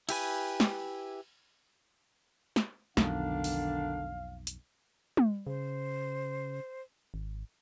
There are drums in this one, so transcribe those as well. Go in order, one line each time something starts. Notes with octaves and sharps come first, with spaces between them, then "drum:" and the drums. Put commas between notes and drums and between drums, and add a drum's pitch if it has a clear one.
E4 G4 B4 G#5, drum: cymbal
drum: snare
drum: snare
B1 F2 D3 D#3 D4 F5, drum: snare
drum: open hi-hat
drum: hi-hat
drum: tom
C#3 C5
G#1